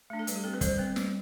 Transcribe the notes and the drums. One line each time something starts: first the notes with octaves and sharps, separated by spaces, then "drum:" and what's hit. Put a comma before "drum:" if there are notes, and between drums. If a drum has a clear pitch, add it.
A3 D4
A4
G3 B4, drum: hi-hat
G4
C4 A4
B4
G3 C5, drum: kick, hi-hat
C4 B4
G3, drum: snare